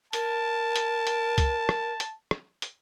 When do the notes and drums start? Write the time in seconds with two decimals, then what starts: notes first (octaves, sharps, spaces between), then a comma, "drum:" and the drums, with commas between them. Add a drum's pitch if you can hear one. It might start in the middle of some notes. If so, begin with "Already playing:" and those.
0.13 A#4 A5, drum: hi-hat
0.76 drum: hi-hat
1.07 drum: hi-hat
1.38 drum: kick C2, hi-hat
1.69 drum: rim click
2.00 drum: hi-hat
2.31 drum: rim click
2.62 drum: hi-hat